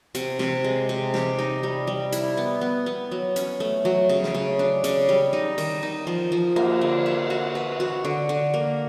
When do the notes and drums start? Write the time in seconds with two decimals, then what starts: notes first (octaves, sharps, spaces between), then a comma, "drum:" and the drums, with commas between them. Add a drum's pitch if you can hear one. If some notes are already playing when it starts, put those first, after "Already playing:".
0.15 C3, drum: hi-hat
0.39 C3, drum: snare
0.64 G#3
0.89 C3
1.14 G4, drum: snare
1.39 D#4
1.63 G3
1.87 G3
2.12 E4, drum: hi-hat
2.37 B3
2.61 B3
2.86 B3
3.11 F#3
3.36 C#4, drum: hi-hat
3.60 A3
3.85 F#3
4.09 C#3
4.23 drum: snare
4.35 C#3
4.59 D4
4.84 C#3, drum: hi-hat
5.09 G3
5.33 D#4
5.58 D#3, drum: cymbal
5.83 D#4
6.07 F3
6.32 F3
6.56 A#3, drum: cymbal
6.81 D3
7.06 E5
7.30 F#4
7.55 B4
7.80 F#4
8.05 D3
8.29 D3
8.54 A#3